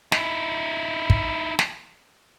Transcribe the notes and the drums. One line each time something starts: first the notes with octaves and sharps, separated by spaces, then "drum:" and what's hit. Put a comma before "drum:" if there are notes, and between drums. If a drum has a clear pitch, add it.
D#4 E4, drum: snare
drum: kick
drum: snare